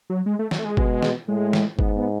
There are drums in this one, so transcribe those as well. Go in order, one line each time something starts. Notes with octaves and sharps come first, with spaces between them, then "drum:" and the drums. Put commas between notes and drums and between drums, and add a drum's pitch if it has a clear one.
F#3
G#3
A3
F#3, drum: snare
A3
G#3
B2, drum: kick
drum: snare
A2 G#3
drum: snare
G#2 B3, drum: kick
B3